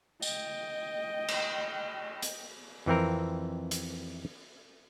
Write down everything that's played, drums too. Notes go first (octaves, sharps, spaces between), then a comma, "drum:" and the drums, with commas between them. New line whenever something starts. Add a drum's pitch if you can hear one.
D#5 G5, drum: tambourine
drum: cymbal
drum: hi-hat
F2 E3 C4 A#4
drum: hi-hat